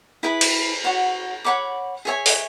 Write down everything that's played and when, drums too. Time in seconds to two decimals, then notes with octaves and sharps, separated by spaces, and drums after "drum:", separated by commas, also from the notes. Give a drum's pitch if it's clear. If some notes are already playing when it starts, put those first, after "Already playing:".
0.23 E4 G#4 B4
0.41 drum: cymbal
0.84 F#4 C#5 F#5
1.44 C#5 F#5 B5 D6
2.05 G#4 C#5 E5 G#5
2.26 drum: open hi-hat